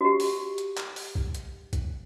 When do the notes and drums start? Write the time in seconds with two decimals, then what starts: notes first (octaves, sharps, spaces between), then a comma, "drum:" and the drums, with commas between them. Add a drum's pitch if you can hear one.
0.01 F#4 G4
0.20 drum: open hi-hat
0.58 drum: hi-hat
0.77 drum: clap
0.96 drum: open hi-hat
1.15 drum: kick B1
1.35 drum: hi-hat
1.73 drum: kick B1, hi-hat